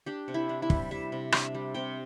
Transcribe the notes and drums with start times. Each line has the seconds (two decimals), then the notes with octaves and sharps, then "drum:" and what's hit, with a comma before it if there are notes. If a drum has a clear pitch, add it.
0.06 D4 G4
0.28 C3
0.34 E4
0.49 D4
0.62 E4
0.70 G3, drum: kick
0.91 G3 E5
1.12 C3
1.32 D4 E5, drum: rim click
1.54 G3
1.74 C3 G5